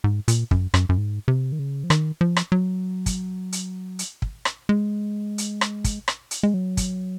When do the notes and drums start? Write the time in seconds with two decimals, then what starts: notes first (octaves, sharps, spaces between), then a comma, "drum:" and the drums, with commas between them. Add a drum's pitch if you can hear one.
0.04 G#2
0.28 A#2, drum: hi-hat
0.51 F#2, drum: kick
0.74 F#2, drum: rim click
0.89 F#2
0.98 G#2
1.28 C3
1.52 D#3
1.59 C#3
1.84 F3
1.90 D#3, drum: rim click
2.21 F3
2.36 drum: rim click
2.52 F#3
3.06 drum: kick, hi-hat
3.52 drum: hi-hat
3.99 drum: hi-hat
4.22 drum: kick
4.45 drum: rim click
4.69 G#3
5.38 drum: hi-hat
5.61 drum: rim click
5.84 drum: kick, hi-hat
6.08 drum: rim click
6.31 drum: hi-hat
6.43 G#3
6.54 F#3
6.77 drum: kick, hi-hat